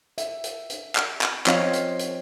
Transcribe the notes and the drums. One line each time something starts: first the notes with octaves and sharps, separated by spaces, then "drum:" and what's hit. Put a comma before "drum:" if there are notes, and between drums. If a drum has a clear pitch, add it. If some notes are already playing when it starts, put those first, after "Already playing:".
E5, drum: hi-hat
drum: hi-hat
drum: hi-hat
drum: clap
drum: clap
F3 C4 F4 C#5 D#5 F5, drum: clap
drum: hi-hat
drum: hi-hat